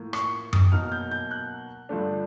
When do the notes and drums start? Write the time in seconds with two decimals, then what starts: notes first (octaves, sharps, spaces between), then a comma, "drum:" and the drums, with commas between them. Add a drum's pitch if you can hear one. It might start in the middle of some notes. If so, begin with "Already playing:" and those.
Already playing: A2 F3 A#3
0.13 C#6, drum: rim click
0.53 D#6, drum: tom F#2
0.72 B2 F#3 A#3 D#4 F6
0.92 G6
1.11 G6
1.31 F#6
1.89 G2 D3 F3 A3 D4